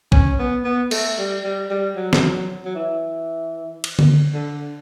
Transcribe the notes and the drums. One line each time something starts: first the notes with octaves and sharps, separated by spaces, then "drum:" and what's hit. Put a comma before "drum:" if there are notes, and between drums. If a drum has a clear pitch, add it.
C#4, drum: kick B1
B3
B3
A3, drum: cymbal
G3
G3
G3
F#3
drum: snare
F#3
E3
drum: cymbal
drum: tom D3
D3